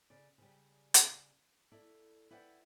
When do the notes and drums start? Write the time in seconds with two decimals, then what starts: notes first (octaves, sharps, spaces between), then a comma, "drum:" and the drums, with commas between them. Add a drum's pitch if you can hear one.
0.10 C#3 D5
0.38 C#3 G3
0.94 drum: hi-hat
1.72 E4 A4 D5
2.31 E4 B4 D5 F#5 G5